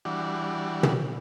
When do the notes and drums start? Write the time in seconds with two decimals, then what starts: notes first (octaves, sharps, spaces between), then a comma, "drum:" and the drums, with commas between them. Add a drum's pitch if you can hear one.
0.05 E3 G3 D4 F#4
0.83 drum: tom